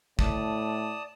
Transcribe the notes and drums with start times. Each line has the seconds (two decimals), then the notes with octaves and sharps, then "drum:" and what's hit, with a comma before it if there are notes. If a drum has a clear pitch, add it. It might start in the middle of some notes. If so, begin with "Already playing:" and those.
0.19 A2 D5 A5 D#6, drum: kick